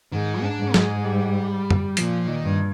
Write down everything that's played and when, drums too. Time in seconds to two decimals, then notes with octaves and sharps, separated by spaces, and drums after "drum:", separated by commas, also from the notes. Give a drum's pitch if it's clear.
0.12 G#2 D#3
0.43 D4
0.58 G#2
0.74 G#3, drum: snare
1.05 G3
1.70 drum: tom F#2
1.97 A#2 F3, drum: hi-hat
2.27 D#3
2.43 G2